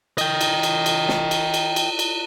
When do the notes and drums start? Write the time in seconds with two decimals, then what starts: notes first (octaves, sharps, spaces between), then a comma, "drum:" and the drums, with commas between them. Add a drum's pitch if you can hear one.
0.18 D#5 G5, drum: cymbal
0.41 drum: cymbal
0.63 drum: cymbal
0.86 drum: cymbal
1.09 drum: snare
1.31 drum: cymbal
1.54 drum: cymbal
1.76 drum: cymbal
1.99 drum: cymbal